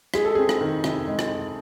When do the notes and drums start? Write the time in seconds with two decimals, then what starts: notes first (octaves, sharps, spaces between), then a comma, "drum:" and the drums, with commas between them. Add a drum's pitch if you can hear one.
0.14 G#3 G#4, drum: rim click
0.25 A4
0.35 C4 G#4
0.49 drum: rim click
0.61 D#3
0.84 C3, drum: rim click
1.08 G#3
1.19 drum: rim click